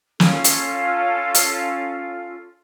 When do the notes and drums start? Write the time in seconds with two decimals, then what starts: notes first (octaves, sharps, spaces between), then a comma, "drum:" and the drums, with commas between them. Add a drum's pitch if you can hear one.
0.20 C#4 F4 A4, drum: snare
0.44 drum: hi-hat
1.34 drum: hi-hat